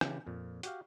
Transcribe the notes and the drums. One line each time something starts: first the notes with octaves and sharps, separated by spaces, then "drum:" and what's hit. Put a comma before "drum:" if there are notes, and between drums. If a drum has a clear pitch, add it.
C#3 E3 G4, drum: rim click
F2 A#2
F#4 G4 F5, drum: hi-hat